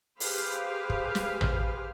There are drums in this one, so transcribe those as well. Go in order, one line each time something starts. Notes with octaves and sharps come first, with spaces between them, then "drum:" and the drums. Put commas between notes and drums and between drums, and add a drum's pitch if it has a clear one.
G4 G#4 B4 C5 F5, drum: open hi-hat
drum: kick
drum: snare
drum: tom A1